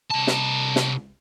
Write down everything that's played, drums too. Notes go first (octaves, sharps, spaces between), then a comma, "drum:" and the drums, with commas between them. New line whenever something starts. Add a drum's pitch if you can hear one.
C2 A5
drum: snare
drum: snare